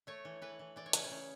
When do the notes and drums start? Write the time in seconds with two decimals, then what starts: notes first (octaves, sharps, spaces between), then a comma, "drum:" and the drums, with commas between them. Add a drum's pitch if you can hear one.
0.07 A3 C#5
0.25 E3
0.42 E3 B4
0.59 E3
0.76 E3 D5
0.86 C#5
0.93 C#3 B4, drum: hi-hat
1.04 C#5
1.10 C#3